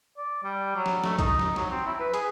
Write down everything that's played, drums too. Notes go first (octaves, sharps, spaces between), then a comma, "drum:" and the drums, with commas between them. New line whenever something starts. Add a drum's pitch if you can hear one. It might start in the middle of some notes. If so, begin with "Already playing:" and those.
D5
G3
F#3
drum: snare
A3, drum: snare
D#4, drum: kick B1, hi-hat
drum: snare
F#3, drum: snare
C4
E4
B4
G#4, drum: hi-hat